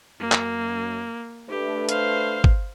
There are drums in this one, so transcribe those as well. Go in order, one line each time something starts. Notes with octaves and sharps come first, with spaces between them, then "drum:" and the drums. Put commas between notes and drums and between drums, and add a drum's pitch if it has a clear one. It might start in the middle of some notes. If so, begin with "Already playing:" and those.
F#2 A#3
drum: clap
A3 D4 G4 B4
C5 F5, drum: hi-hat
drum: kick